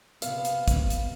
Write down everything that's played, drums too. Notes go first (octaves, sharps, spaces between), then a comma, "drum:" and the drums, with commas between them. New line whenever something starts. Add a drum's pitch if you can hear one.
C3 B3 F5, drum: hi-hat
drum: hi-hat
drum: kick, hi-hat
drum: hi-hat